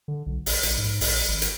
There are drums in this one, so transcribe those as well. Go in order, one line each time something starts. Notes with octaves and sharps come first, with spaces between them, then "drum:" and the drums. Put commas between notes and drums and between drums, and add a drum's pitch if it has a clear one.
D3
B1
A1, drum: open hi-hat
A#1, drum: hi-hat
G#2
A#1, drum: open hi-hat
G#1
drum: hi-hat